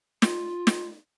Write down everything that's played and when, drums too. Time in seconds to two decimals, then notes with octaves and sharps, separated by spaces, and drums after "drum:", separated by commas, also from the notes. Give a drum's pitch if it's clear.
0.22 F4, drum: snare
0.67 drum: snare